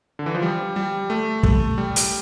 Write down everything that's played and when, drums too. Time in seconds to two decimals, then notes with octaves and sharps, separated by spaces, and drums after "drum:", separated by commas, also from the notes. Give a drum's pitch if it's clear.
0.19 D3
0.26 E3
0.35 F3
0.42 G3
0.76 G3
1.10 A3
1.43 A3, drum: kick
1.78 G3
1.96 drum: hi-hat